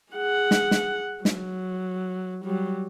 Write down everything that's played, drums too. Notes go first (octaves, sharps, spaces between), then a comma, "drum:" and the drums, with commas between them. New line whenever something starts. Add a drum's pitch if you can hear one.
G#4 F#5
drum: snare
drum: snare
F#3, drum: snare
F#3 G3